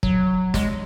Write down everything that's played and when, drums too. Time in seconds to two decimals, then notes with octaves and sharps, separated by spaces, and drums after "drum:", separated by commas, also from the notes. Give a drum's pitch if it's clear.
0.03 F#3, drum: kick
0.54 G#3, drum: snare